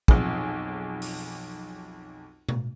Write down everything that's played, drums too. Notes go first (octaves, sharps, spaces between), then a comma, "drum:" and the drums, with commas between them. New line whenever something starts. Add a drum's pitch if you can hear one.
B1 F2 G#4, drum: kick
drum: open hi-hat
drum: tom B2